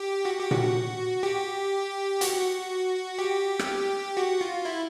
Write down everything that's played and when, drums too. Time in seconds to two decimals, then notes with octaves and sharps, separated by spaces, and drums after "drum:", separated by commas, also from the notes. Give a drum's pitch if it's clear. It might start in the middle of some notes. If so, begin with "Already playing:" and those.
Already playing: G4
0.25 F#4
0.39 G4
0.51 F#4, drum: tom A#2
1.23 G4
2.21 F#4, drum: hi-hat
3.18 G4
3.59 drum: rim click
4.17 F#4
4.41 F4
4.65 E4